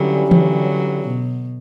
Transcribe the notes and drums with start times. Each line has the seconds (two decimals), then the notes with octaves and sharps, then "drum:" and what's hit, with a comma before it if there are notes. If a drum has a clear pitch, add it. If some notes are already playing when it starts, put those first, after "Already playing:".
Already playing: G2 D3 E3 F#3 G3 C#4 G4
0.31 D3 F#3, drum: tom E3
1.06 B2